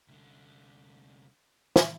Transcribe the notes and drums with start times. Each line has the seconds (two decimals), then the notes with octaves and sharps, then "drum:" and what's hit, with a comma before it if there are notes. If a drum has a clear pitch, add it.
0.08 C2 D3
1.76 drum: snare